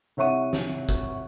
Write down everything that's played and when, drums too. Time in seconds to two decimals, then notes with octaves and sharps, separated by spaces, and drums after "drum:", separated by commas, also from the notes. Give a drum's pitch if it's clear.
0.17 C2 C#5 E5 F#5 C#6 D#7
0.53 drum: snare
0.89 drum: kick